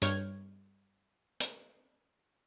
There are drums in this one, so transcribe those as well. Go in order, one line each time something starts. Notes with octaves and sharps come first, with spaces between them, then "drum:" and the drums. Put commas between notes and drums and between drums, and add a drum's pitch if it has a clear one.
G2 C#5 F6 G6 G#6, drum: hi-hat
drum: hi-hat